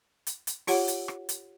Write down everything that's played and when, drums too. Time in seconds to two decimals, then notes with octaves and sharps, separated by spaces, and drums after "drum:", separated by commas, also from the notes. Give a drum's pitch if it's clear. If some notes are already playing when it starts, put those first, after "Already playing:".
0.27 drum: hi-hat
0.47 drum: hi-hat
0.67 F4 G4 C#5 F#5, drum: open hi-hat
0.88 drum: hi-hat
1.08 drum: rim click
1.29 drum: hi-hat